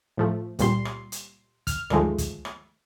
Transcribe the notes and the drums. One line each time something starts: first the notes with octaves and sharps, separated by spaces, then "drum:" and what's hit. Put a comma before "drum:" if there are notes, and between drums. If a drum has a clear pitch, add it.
A2 F3 A3
C#2 A#2 G3 C6, drum: kick, hi-hat
drum: rim click
drum: hi-hat
F6, drum: kick, hi-hat
D2 G2 D#3 F3 G#3 A3, drum: rim click
drum: kick, hi-hat
drum: rim click